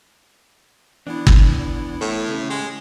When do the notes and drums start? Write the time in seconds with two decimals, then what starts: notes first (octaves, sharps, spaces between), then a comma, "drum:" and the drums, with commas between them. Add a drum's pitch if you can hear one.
1.07 E3 B3 D4 E4
1.27 drum: kick G1
2.01 A2 A4
2.28 C#3 C#4 G4
2.50 G#3